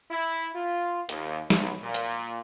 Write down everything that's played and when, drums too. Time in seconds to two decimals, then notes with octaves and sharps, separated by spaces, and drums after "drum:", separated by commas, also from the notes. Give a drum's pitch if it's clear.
0.11 E4
0.55 F4
1.09 D#2, drum: hi-hat
1.50 B1, drum: snare
1.84 A#2
1.94 drum: hi-hat